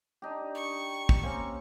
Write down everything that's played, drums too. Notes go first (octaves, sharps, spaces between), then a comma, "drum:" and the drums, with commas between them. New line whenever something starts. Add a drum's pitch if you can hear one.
D4 D#4 G4
C#6
drum: kick
A#3 C4 C#4